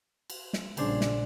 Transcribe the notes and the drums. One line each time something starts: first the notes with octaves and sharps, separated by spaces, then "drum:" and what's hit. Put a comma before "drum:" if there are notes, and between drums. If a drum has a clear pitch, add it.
drum: cymbal
drum: snare
A#1 A#2 C#3 G3 D4 C5 G#5, drum: cymbal
drum: snare